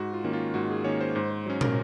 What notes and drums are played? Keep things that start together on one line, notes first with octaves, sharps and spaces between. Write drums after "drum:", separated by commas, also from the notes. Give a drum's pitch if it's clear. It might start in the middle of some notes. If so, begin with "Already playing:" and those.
Already playing: G#2 F#4
F4
D#3 A#3 C#4
F4
G#2 F#4
G#4
D#3 A#3 C#4 C#5
C5
G#2 C5
C5
F#3 C#4
A#4, drum: tom